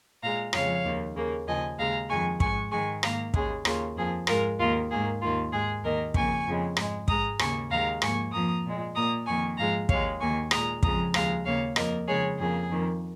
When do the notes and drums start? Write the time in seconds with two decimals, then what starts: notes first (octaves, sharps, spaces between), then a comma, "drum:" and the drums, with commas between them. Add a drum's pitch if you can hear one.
0.22 A#2 G#3 F5 A#5
0.53 F2 C#3 F3 G#3 C#5 F5, drum: rim click
0.84 D#2 D#3 A#3
1.15 D#2 C#3 A#3
1.46 D#2 C#3 F3 D#5 G#5
1.78 D#2 C#3 G#3 F5 A#5
2.09 F2 D#3 G#3 G#5 C#6
2.40 G#2 G#3 G#5 C#6, drum: kick
2.71 G#2 D#3 G#3 G#5 C#6
3.03 G#2 D#3 A#3 F5 A#5, drum: rim click
3.34 D#2 C#3 G#3 G#4, drum: kick
3.65 D#2 C#3 A#3 F4, drum: rim click
3.96 F2 F3 A#3 G#4
4.27 G#2 G#3 F4 A#4, drum: rim click
4.58 D#2 D#3 A#3 F4 A#4
4.90 G#2 D#3 A#3 G#4
5.21 D#2 D#3 A#3 F4
5.52 G#2 G#3 G#4
5.83 D#2 D#3 A#3 A#4 D#5
6.14 F2 C#3 A#3 G#5 C#6, drum: kick
6.46 F2 C#3 G#3
6.77 G#2 G#3, drum: rim click
7.08 G#2 G#3 A#5 D#6, drum: kick
7.39 D#2 C#3 A#3 G#5 C#6, drum: rim click
7.70 D#2 D#3 G#3 F5 A#5
8.02 G#2 F3 A#3 G#5 C#6, drum: rim click
8.33 F2 F3 A#3 A#5 D#6
8.64 A#2 G#3
8.95 A#2 A#3 A#5 D#6
9.26 F2 D#3 A#3 G#5 C#6
9.57 G#2 F3 G#3 F5 A#5
9.89 D#2 D#3 G#3 C#5 F5, drum: kick
10.20 D#2 D#3 A#3 G#5 C#6
10.51 A#2 G#3 A#5 D#6, drum: rim click
10.83 F2 C#3 F3 G#3 A#5 D#6, drum: kick
11.14 D#2 C#3 F3 G#3 F5 A#5, drum: rim click
11.45 D#2 C#3 A#3 C#5 F5
11.76 F2 F3 A#3 A#4 D#5, drum: rim click
12.07 F2 C#3 G#3 G#4 C#5
12.38 F2 C#3 A#3 G#4
12.69 F2 D#3 A#3